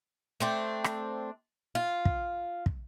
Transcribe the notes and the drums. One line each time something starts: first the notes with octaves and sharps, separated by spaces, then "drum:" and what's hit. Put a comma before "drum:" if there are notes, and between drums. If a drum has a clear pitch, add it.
A3 C4 D4
drum: rim click
F4
drum: kick
drum: kick